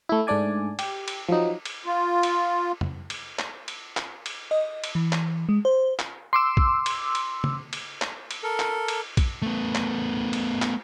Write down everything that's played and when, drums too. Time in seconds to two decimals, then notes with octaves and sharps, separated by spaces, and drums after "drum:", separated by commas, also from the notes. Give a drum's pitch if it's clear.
0.09 A3 E4
0.27 G#2 A3 D4 D5 G#5
0.79 G4, drum: cymbal
1.08 drum: cymbal
1.29 F3 F#3 D#4
1.65 drum: cymbal
1.86 F4
2.23 drum: cymbal
2.81 drum: tom F2
3.10 drum: cymbal
3.39 drum: clap
3.68 drum: cymbal
3.97 drum: clap
4.26 drum: cymbal
4.51 D#5
4.84 drum: cymbal
4.95 E3
5.12 drum: clap
5.49 G#3
5.65 C5
5.99 drum: clap
6.33 C6 D6 E6
6.57 drum: kick
6.86 drum: cymbal
7.15 drum: cymbal
7.44 drum: tom
7.73 drum: cymbal
8.02 drum: clap
8.31 drum: cymbal
8.43 A4 A#4
8.59 drum: clap
8.88 drum: cymbal
9.17 drum: kick, cymbal
9.42 A3 B3
9.75 drum: clap
10.33 drum: cymbal
10.62 drum: clap